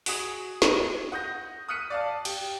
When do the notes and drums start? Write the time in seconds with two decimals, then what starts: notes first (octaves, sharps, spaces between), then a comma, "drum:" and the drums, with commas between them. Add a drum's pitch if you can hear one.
0.06 F#4 G#4 D#6, drum: open hi-hat
0.62 drum: snare
1.12 F#5 D#6 G6 A#6
1.68 D#6 F6 F#6 B6 C#7 D#7
1.90 D5 F5 A5
2.25 G4, drum: cymbal